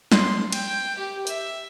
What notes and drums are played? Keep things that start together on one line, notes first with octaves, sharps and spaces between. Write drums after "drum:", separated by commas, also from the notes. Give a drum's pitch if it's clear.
C6, drum: snare
G5, drum: cymbal
G4
E5, drum: hi-hat